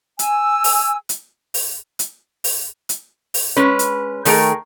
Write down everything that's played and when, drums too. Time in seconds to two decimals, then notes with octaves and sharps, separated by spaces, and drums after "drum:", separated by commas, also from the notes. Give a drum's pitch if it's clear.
0.19 G#5 E6, drum: hi-hat
0.64 drum: open hi-hat
1.09 drum: hi-hat
1.54 drum: open hi-hat
1.99 drum: hi-hat
2.44 drum: open hi-hat
2.89 drum: hi-hat
3.34 drum: open hi-hat
3.56 G#3 C#4 B4
3.79 drum: hi-hat
4.25 D#3 A3 G#4 A#4, drum: open hi-hat